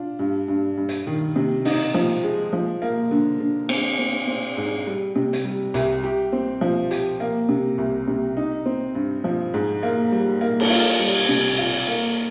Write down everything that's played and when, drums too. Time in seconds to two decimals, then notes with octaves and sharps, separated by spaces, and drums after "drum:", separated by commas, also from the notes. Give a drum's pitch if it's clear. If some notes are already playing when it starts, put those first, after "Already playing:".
Already playing: D4 F4
0.19 G2
0.48 G2
0.77 G2
0.89 drum: hi-hat
1.07 D#3
1.36 C3
1.65 D#4, drum: open hi-hat
1.94 F3
2.23 G#3
2.53 F3
2.82 A#3
3.11 D3
3.40 D3
3.69 C4, drum: cymbal
3.99 C4
4.28 C4
4.57 G#2
4.87 G3
5.16 C3
5.33 drum: hi-hat
5.44 G3
5.74 C2, drum: hi-hat
6.03 G4
6.32 C4
6.61 F3
6.91 G4, drum: hi-hat
7.20 A#3
7.49 C3
7.78 C2
8.07 C3
8.37 D#4
8.66 C4
8.95 G2
9.24 F3
9.54 G#2
9.83 A#3
10.12 G3
10.41 A#3
10.60 drum: cymbal
10.70 F4
10.99 G3
11.29 C3
11.58 F4
11.87 A#3